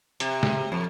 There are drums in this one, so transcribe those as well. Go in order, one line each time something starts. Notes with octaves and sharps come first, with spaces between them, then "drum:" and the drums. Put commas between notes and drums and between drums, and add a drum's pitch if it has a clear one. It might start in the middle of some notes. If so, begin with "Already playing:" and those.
C3, drum: hi-hat
drum: snare
F2